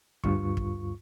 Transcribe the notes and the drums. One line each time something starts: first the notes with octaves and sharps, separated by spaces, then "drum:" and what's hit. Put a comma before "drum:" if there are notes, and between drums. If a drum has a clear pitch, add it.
D2 G2 F4 C#6, drum: kick
drum: kick